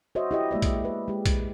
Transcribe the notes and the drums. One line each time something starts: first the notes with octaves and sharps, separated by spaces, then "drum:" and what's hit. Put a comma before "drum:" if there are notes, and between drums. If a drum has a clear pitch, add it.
F#4 C5 C#5 D#5 E5
E4 G4 D#5
G#3 A#3 D5 E5
drum: kick A#1, hi-hat
B4
G#3 G4
drum: kick A#1, hi-hat